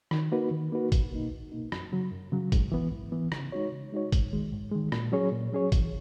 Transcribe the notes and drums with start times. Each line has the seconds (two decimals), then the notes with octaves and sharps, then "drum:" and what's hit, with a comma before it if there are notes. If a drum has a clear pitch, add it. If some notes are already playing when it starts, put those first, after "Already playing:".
0.11 D#3, drum: rim click
0.32 A#3 D#4 F#4 B4
0.51 D#3
0.72 A#3 D#4 F#4 B4
0.92 C#2, drum: kick G#1, hi-hat
1.12 B2 A#3 D#4
1.32 C#2
1.52 B2 A#3 D#4
1.72 F#2, drum: rim click
1.92 C#3 F#3
2.12 F#2
2.32 C#3 F#3
2.52 G#2, drum: kick G#1, hi-hat
2.72 E3 B3
2.92 G#2
3.12 E3 B3
3.32 C#3, drum: rim click
3.52 G#3 D#4 F#4 C#5
3.72 C#3
3.92 G#3 D#4 F#4 C#5
4.12 G#2, drum: kick G#1, hi-hat
4.32 D#3 G#3
4.52 G#2
4.71 D#3 G#3
4.92 A#2, drum: rim click
5.12 F#3 C#4 G#4 C#5
5.31 A#2
5.52 F#3 C#4 G#4 C#5
5.72 E3, drum: kick G#1, hi-hat